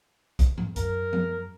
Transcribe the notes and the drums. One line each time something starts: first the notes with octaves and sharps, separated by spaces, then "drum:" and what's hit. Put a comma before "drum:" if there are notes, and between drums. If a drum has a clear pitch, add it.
drum: kick, hi-hat
drum: tom G#2
F#2 A#4, drum: hi-hat
drum: tom F3